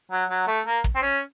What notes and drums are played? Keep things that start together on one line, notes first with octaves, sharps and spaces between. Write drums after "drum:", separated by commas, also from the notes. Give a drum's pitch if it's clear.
F#3
F#3
A3
A#3
drum: kick
C4
C#4